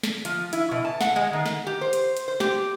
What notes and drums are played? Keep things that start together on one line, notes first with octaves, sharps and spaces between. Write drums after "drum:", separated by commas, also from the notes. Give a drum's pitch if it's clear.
drum: snare
F3, drum: hi-hat
E4, drum: hi-hat
B2
A5
F#5, drum: snare
G#3
D#3
drum: snare
G4
C5
drum: hi-hat
drum: hi-hat
C5
G4, drum: snare